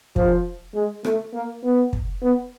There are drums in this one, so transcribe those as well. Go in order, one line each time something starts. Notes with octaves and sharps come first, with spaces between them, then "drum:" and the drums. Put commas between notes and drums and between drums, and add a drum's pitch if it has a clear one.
F3, drum: kick
G#3
A3, drum: rim click
A#3
B3
drum: kick
B3